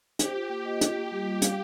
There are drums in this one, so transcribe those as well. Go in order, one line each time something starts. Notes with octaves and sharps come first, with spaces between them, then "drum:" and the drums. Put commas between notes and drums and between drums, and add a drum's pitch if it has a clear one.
G4 C5, drum: hi-hat
F4
A#3
D#5
F4, drum: hi-hat
A#3
G3
G3
F5, drum: hi-hat